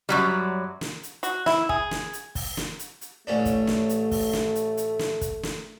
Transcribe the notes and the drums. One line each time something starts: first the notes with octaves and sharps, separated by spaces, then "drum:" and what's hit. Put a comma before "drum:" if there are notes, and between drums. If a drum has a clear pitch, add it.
F#2 F#3 G3
drum: snare
drum: hi-hat
F#4, drum: hi-hat
E4, drum: snare
G#4, drum: kick
drum: snare
drum: hi-hat
drum: kick, open hi-hat
drum: snare
drum: hi-hat
drum: hi-hat
A1 A3 C#4 D4
drum: kick, hi-hat
drum: snare
drum: hi-hat
drum: kick, open hi-hat
drum: snare
drum: hi-hat
drum: hi-hat
drum: snare
drum: kick, hi-hat
drum: snare